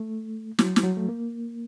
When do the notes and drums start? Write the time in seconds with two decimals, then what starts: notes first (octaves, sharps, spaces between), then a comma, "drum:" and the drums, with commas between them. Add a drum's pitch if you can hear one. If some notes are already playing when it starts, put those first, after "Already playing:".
Already playing: A3
0.59 F#3, drum: snare
0.76 G3, drum: snare
0.84 F#3
0.97 A3
1.09 A#3